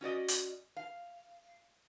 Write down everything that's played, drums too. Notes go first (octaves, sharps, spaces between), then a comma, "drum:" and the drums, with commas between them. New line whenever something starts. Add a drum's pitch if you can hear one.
C#4 F#4 D5 D#5
drum: hi-hat
F5